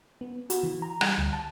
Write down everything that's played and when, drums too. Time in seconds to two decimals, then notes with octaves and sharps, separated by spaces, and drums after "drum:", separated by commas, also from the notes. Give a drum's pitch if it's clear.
0.21 B3
0.50 F#4, drum: hi-hat
0.63 E3
0.82 A#5
1.01 G3, drum: rim click
1.18 D2
1.33 A5